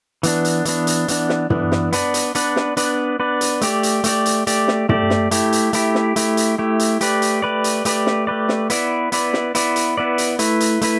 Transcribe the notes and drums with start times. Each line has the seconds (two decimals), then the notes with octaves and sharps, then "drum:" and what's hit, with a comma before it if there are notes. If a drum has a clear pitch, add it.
0.23 E3 B3 D4, drum: hi-hat
0.45 drum: hi-hat
0.65 E3 B3 D4, drum: hi-hat
0.87 drum: hi-hat
1.08 E3 B3 D4, drum: hi-hat
1.29 drum: snare
1.50 E3 B3 D4, drum: tom
1.72 drum: snare
1.93 B3 D4 B4 D5, drum: hi-hat
2.14 drum: hi-hat
2.35 B3 D4 B4 D5, drum: hi-hat
2.56 drum: snare
2.77 B3 D4 B4 D5, drum: hi-hat
3.20 B3 D4 B4 D5
3.41 drum: hi-hat
3.61 A3 G4 D5, drum: hi-hat
3.83 drum: hi-hat
4.04 A3 G4 D5, drum: hi-hat
4.26 drum: hi-hat
4.47 A3 G4 D5, drum: hi-hat
4.68 drum: snare
4.89 A3 G4 D5, drum: tom
5.10 drum: snare
5.31 A3 E4 G4, drum: hi-hat
5.52 drum: hi-hat
5.73 A3 E4 G4, drum: hi-hat
5.95 drum: snare
6.16 A3 E4 G4, drum: hi-hat
6.37 drum: hi-hat
6.58 A3 E4 G4
6.79 drum: hi-hat
7.01 A3 G4 B4 D5, drum: hi-hat
7.22 drum: hi-hat
7.42 A3 G4 B4 D5
7.64 drum: hi-hat
7.85 A3 G4 B4 D5, drum: hi-hat
8.06 drum: snare
8.27 A3 G4 B4 D5
8.49 drum: snare
8.70 B3 E4 B4 D5, drum: hi-hat
9.12 B3 E4 B4 D5, drum: hi-hat
9.33 drum: snare
9.55 B3 E4 B4 D5, drum: hi-hat
9.76 drum: hi-hat
9.97 B3 E4 B4 D5
10.18 drum: hi-hat
10.39 A3 E4 B4, drum: hi-hat
10.60 drum: hi-hat
10.81 A3 E4 B4, drum: hi-hat